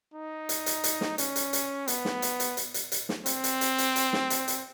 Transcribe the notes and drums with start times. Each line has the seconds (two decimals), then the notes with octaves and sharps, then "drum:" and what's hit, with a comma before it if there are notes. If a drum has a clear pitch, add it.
0.14 D#4
0.49 drum: hi-hat
0.66 drum: hi-hat
0.84 drum: hi-hat
1.01 drum: snare
1.18 C#4, drum: hi-hat
1.36 drum: hi-hat
1.53 drum: hi-hat
1.88 B3, drum: hi-hat
2.05 drum: snare
2.22 drum: hi-hat
2.40 drum: hi-hat
2.57 drum: hi-hat
2.74 drum: hi-hat
2.92 drum: hi-hat
3.09 drum: snare
3.26 C4, drum: hi-hat
3.44 drum: hi-hat
3.61 drum: hi-hat
3.78 drum: hi-hat
3.96 drum: hi-hat
4.13 drum: snare
4.30 drum: hi-hat
4.48 drum: hi-hat